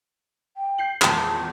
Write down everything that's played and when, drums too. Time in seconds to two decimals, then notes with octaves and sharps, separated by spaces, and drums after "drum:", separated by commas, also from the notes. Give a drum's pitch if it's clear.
0.57 G5
0.78 G6 C7 F#7
1.02 G#1 E2 A#2 A5, drum: clap